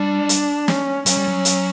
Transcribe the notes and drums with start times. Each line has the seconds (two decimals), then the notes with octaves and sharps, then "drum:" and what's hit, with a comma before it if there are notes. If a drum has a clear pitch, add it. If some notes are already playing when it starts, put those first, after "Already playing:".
Already playing: G3 D4
0.29 drum: hi-hat
0.68 C#4, drum: snare
1.06 F#3 C#4, drum: hi-hat
1.17 G3
1.28 F#3
1.45 drum: hi-hat